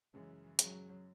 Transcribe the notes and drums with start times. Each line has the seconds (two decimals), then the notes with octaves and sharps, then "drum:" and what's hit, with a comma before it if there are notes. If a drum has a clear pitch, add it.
0.14 F#2 C#3 E3 G#3 C#4 G#4
0.59 F#2 C#3 F#3 G#3 C#4 G#4, drum: hi-hat